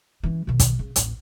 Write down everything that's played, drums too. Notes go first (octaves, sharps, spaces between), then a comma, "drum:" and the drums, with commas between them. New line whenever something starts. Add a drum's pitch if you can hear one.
E3 C#4
B2 D#3
drum: kick, hi-hat
C#3
A1 D#2, drum: hi-hat